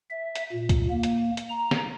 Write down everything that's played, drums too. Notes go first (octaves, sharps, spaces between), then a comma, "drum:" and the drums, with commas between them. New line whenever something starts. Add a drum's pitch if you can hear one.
E5
drum: hi-hat
A#2
drum: kick C2, hi-hat
A#3
drum: hi-hat
drum: hi-hat
A#5
drum: snare